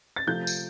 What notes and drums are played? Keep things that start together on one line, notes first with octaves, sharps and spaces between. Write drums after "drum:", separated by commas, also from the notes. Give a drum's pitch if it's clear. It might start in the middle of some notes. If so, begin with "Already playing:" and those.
A6
C3 F3 A3 G6
drum: tambourine